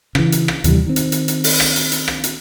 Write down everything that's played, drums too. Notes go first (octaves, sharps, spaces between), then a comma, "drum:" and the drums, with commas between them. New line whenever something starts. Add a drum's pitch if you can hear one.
C#3 E3, drum: rim click
drum: hi-hat
drum: rim click
D#2 C3 E3 G3, drum: hi-hat
D#3 C4
drum: hi-hat
drum: hi-hat
drum: hi-hat
drum: open hi-hat
drum: rim click
drum: hi-hat
drum: hi-hat
drum: rim click
drum: hi-hat